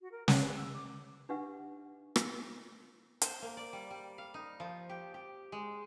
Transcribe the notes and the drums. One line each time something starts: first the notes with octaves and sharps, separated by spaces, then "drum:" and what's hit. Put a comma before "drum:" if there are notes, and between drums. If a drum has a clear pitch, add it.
F#4
A#4
G5, drum: snare
B4
E6
D6
D4 D#4 G4 B4 E5 F#5
drum: rim click
C5, drum: hi-hat
A#3
D5
G3
G3
F5
D#4
F3
G4
G4
G#3